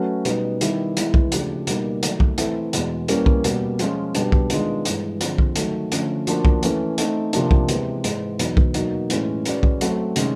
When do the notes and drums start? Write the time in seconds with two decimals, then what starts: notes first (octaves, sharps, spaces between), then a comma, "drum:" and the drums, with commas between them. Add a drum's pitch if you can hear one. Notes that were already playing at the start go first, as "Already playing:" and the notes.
Already playing: F#3 A3 C#4 F#4 B4
0.25 B2 G3 B3 D#4, drum: hi-hat
0.61 D#3 G3 B3 E4, drum: hi-hat
0.97 E3 G#3 B3 E4, drum: hi-hat
1.14 drum: kick B1
1.32 C#3 F3 A3 D4 G4, drum: hi-hat
1.67 B2 G3 A#3 D#4, drum: hi-hat
2.03 D#3 F#3 A3, drum: hi-hat
2.20 drum: kick B1
2.38 E3 A3 C4 E4 A4, drum: hi-hat
2.73 E2 B2 G#3, drum: hi-hat
3.08 E3 G3 A#3 C#4, drum: hi-hat
3.26 drum: kick B1
3.44 B2 G3 A#3, drum: hi-hat
3.79 F3 G#3 C#4 F4, drum: hi-hat
4.15 B2 G3 B3 D4 G4, drum: hi-hat
4.32 drum: kick B1
4.50 D#3 G#3 B3 D4 F4, drum: hi-hat
4.85 G2 E3 G#3, drum: hi-hat
5.21 D3 F3 G#3 C4, drum: hi-hat
5.38 drum: kick B1
5.56 D#3 F#3 A3, drum: hi-hat
5.92 D3 F3 A3 C#4, drum: hi-hat
6.27 F3 A#3 D4 F#4, drum: hi-hat
6.45 drum: kick B1
6.63 E3 A3 C#4, drum: hi-hat
6.98 A3 C4 D#4, drum: hi-hat
7.33 C3 F3 A#3 D4, drum: hi-hat
7.51 drum: kick B1
7.69 C3 E3 G#3 B3, drum: hi-hat
8.04 G#2 E3 G#3, drum: hi-hat
8.39 E2 B2 F#3 B3 D#4, drum: hi-hat
8.57 drum: kick B1
8.74 B2 F#3 A#3 D#4 F#4, drum: hi-hat
9.10 A2 E3 G#3 C#4 E4, drum: hi-hat
9.45 G#3 C#4 F#4 B4 D5, drum: hi-hat
9.63 drum: kick B1
9.81 F#3 A3 C4, drum: hi-hat
10.16 C3 D#3 G#3 C#4, drum: hi-hat